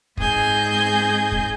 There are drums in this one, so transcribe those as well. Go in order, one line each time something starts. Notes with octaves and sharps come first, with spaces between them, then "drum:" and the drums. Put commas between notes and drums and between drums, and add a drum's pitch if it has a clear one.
G#2 C4 G#4 D#5 G#5 G6, drum: kick
drum: kick